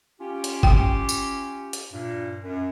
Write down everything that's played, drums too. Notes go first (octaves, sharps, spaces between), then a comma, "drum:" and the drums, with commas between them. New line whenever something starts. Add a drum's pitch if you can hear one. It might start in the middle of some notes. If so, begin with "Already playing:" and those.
C#4 F4 G4
drum: hi-hat
G5, drum: kick
drum: tambourine
drum: hi-hat
G2 A#2
F#2